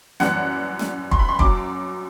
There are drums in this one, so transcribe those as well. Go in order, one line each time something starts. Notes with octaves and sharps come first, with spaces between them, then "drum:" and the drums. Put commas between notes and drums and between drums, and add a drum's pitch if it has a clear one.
F#2 E3 G3 F#5, drum: snare
drum: snare
C6, drum: kick
B5
C6
F#2 F#3 D6, drum: kick